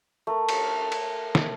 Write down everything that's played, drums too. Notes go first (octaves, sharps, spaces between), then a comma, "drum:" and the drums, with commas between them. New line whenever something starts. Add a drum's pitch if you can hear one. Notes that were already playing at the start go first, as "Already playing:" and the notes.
A3 A#4
drum: cymbal
drum: cymbal
drum: snare